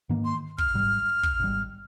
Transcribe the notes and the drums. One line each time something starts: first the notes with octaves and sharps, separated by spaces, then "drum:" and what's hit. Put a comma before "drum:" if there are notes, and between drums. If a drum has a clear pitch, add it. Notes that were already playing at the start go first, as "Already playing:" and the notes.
G#2 D#3 A#3
C6
F6, drum: kick
G#1 G#2 G3
drum: kick
G#1 G#2 G3